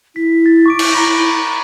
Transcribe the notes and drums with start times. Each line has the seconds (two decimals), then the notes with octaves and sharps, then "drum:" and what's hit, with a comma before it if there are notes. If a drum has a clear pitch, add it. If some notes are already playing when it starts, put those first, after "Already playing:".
0.16 E4 B6
0.46 A6
0.66 C#6 D6 D7
0.79 drum: cymbal
0.93 A#5 B5 A#6